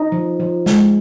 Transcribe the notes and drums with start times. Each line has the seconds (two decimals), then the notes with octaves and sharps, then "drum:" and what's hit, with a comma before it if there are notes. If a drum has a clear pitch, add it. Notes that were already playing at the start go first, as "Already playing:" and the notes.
Already playing: D#4
0.12 F3
0.40 F3
0.66 G#3, drum: snare